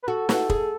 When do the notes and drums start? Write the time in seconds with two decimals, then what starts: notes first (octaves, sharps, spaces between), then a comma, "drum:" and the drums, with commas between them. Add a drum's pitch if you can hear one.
0.03 B4
0.08 F#4 A4
0.29 F#4, drum: snare
0.50 G#4, drum: kick